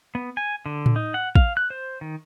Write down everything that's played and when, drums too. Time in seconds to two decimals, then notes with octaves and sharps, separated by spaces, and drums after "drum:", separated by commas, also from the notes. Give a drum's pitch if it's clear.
0.15 B3
0.37 G#5
0.66 D3
0.86 drum: tom A2
0.96 D#4
1.14 F#5
1.35 F5, drum: kick
1.57 F#6
1.70 C5
2.01 D#3